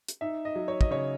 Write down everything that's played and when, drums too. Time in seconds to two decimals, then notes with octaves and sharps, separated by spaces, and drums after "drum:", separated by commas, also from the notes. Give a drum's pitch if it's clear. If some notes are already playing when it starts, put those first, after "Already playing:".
0.09 drum: hi-hat
0.21 D#4 E5
0.45 D#5
0.56 F#3
0.68 C#5
0.81 D#5, drum: kick
0.91 C#3 C#5